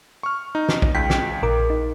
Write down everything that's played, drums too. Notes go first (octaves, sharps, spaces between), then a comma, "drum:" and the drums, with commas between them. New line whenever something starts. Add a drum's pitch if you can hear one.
C#6 F6
D#4
drum: snare
drum: kick B1
C#2 G5 B6
drum: snare
A#1 A#4 D6
D#4